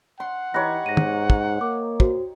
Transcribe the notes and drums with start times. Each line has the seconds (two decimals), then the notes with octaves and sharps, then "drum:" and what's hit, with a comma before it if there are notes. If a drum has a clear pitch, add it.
0.20 F#5 C6
0.54 E3 D#4 G4 C#5 B5 F#6 A#6
0.86 G#2 A#6 D#7
0.97 drum: tom
1.30 drum: kick
1.61 A#3 D6
2.00 F#4 C5, drum: kick